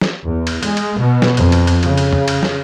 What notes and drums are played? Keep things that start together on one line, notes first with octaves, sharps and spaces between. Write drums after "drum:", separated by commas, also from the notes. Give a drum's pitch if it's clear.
drum: snare
E2
drum: cymbal
G#3, drum: cymbal
drum: cymbal
B2
drum: snare
F2, drum: cymbal
drum: cymbal
drum: cymbal
C#3, drum: cymbal
drum: cymbal
drum: tom E2
drum: cymbal
drum: snare